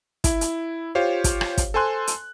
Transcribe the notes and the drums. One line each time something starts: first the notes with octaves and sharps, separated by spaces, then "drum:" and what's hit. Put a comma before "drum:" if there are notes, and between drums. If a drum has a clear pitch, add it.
E4, drum: kick, hi-hat
drum: hi-hat
F4 G4 C5 C#5 F5
drum: kick, hi-hat
drum: rim click
drum: kick, hi-hat
A4 C5 G#5 C6 F#6
drum: hi-hat